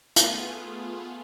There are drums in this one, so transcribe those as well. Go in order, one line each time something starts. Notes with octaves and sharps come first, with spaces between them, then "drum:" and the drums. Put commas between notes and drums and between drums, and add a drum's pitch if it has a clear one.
A3 B3 F4 G#4, drum: hi-hat